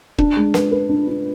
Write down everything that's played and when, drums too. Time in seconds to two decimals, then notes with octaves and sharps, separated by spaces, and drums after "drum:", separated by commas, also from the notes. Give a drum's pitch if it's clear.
0.18 D4, drum: kick
0.37 G#3
0.54 B4, drum: snare
0.72 B4
0.89 D4
1.08 D4